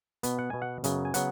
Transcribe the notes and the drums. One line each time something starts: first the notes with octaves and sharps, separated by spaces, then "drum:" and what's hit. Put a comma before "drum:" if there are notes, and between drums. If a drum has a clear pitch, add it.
B2 B3, drum: hi-hat
F#5
B2 B3 G#5
F#5
F#2 C#3 F#3 B3, drum: hi-hat
G#5
C#3 F#3 B3 F#5, drum: hi-hat